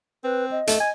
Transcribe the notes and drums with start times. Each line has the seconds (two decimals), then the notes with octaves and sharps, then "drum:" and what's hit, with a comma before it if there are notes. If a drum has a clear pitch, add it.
0.24 C4 B4
0.52 D#5
0.67 A3, drum: hi-hat
0.80 G#5